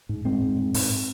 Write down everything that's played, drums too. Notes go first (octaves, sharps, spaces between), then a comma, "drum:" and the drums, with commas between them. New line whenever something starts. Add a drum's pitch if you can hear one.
G#2
G#2 G#3 C4
G#2
G#2
G#2, drum: open hi-hat